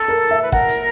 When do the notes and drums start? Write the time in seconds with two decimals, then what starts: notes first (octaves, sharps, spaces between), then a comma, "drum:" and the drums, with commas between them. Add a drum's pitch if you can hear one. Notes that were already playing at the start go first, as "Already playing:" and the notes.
Already playing: A4
0.08 A#4
0.31 E5
0.42 B4
0.52 A#4 F#5, drum: kick
0.69 drum: hi-hat